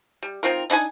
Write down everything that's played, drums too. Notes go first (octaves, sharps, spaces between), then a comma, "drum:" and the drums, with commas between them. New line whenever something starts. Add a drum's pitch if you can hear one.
G3
D#3 C4 F4 A#4
D4 D#4 G4 G#5, drum: tambourine